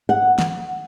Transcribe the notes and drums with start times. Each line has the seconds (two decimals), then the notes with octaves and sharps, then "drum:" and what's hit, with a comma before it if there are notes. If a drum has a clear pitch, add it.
0.09 F#5
0.39 drum: snare